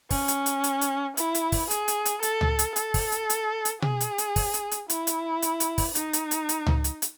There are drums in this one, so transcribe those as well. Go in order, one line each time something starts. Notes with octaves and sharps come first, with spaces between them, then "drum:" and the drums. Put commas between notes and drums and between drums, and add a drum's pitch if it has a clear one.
C#4, drum: kick, open hi-hat
drum: hi-hat
drum: hi-hat
drum: hi-hat
drum: hi-hat
E4, drum: hi-hat
drum: hi-hat
drum: kick, open hi-hat
G#4, drum: hi-hat
drum: hi-hat
drum: hi-hat
A4, drum: hi-hat
drum: tom C#2
drum: hi-hat
A4, drum: hi-hat
drum: kick, open hi-hat
drum: hi-hat
drum: hi-hat
drum: hi-hat
G#4, drum: tom B2
drum: hi-hat
drum: hi-hat
drum: kick, open hi-hat
drum: hi-hat
drum: hi-hat
E4, drum: hi-hat
drum: hi-hat
drum: hi-hat
drum: hi-hat
drum: kick, open hi-hat
D#4, drum: hi-hat
drum: hi-hat
drum: hi-hat
drum: hi-hat
drum: tom C#2
drum: hi-hat
drum: hi-hat